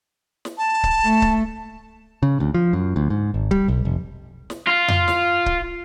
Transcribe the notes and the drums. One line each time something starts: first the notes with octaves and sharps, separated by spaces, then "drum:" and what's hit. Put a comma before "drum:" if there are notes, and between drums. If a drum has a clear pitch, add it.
drum: snare
A5
drum: kick C#1
A3
drum: kick C#1
C#3
D2
F3
F#2
D2
G#2
G#1
G3, drum: kick C#1
B1
F1
drum: snare
F4
drum: tom F2
drum: snare
drum: kick C#1